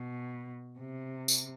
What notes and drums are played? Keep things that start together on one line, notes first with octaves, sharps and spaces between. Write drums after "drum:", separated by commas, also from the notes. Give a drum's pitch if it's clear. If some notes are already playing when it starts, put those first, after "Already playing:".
Already playing: B2
C3
drum: tambourine